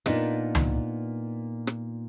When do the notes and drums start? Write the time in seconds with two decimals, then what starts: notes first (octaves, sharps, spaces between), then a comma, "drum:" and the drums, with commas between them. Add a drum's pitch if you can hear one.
0.06 A#2 B3 D4 D#4 F4, drum: rim click
0.55 drum: tom C#2
1.67 drum: rim click